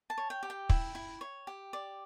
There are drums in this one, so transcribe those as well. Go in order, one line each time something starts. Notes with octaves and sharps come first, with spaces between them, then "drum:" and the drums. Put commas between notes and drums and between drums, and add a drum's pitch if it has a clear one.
A5
C#5
G5
G4
G5
E4, drum: kick
E4
C#5
G4
D5